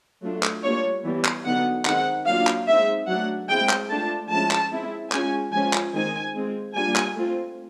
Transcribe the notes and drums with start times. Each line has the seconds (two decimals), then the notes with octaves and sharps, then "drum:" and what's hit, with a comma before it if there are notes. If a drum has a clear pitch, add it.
0.22 F#3 A3 D4 F4
0.43 drum: clap
0.64 G3 A#3 D4 F4 C#5
1.04 E3 G3 B3
1.25 drum: clap
1.45 D3 F#3 B3 D#4 F#5
1.85 D#3 G#3 C4 D#4 F#5, drum: clap
2.26 F#3 A#3 D4 F4 F5
2.47 drum: clap
2.68 G#3 C4 D#4 E5
3.08 F#3 A3 D4 F#5
3.49 G#3 C4 E4 G5
3.69 drum: clap
3.89 A3 D4 F4 A5
4.30 F3 G#3 C#4 E4 A5
4.51 drum: clap
4.72 G#3 C4 E4
5.12 G#3 C#4 F4 G#5, drum: clap
5.53 F3 G#3 C#4 F4 G#5
5.73 drum: clap
5.94 D#3 G#3 C4 D#4 G#5
6.35 G#3 C4 F4
6.75 G3 A#3 D4 F4 G#5
6.96 drum: clap
7.16 A3 C4 F4